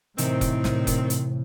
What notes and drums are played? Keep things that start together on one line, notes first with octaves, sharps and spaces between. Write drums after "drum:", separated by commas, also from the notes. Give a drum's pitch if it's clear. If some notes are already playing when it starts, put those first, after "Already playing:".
A2 C3 D#3 E3 C4, drum: hi-hat
drum: kick F1, hi-hat
drum: snare
drum: kick F1, hi-hat
drum: hi-hat